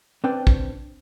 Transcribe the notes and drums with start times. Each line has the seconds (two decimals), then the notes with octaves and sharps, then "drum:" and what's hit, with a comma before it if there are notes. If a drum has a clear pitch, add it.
0.24 C4 D4 B4 C5 D5 G5
0.47 drum: kick